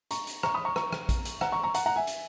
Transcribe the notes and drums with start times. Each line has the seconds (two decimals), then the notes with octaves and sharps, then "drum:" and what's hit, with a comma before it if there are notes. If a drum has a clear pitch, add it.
0.11 A#5 C#6, drum: hi-hat
0.27 drum: hi-hat
0.43 A#5 C#6, drum: rim click
0.54 B5 D#6
0.65 A#5 C#6
0.76 A#5 C#6, drum: rim click
0.92 drum: rim click
1.09 drum: kick A#1, hi-hat
1.25 drum: hi-hat
1.41 F#5 A#5, drum: rim click
1.52 A#5 C#6
1.63 A#5 C#6
1.74 F#5 A#5, drum: hi-hat
1.86 F#5 A#5
1.96 E5 G#5
2.07 drum: hi-hat